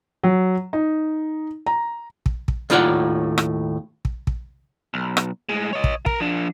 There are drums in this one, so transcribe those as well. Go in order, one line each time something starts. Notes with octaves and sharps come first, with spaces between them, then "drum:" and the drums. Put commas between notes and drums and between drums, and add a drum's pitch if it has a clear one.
F#3
D#4
A#5
drum: kick
drum: kick
D#2 A2 D#4 F4 D5 F#5
drum: rim click
drum: kick
drum: kick
B1
drum: rim click
A2 G#3
C#5 D#5
drum: kick
A#4, drum: kick
F3 D4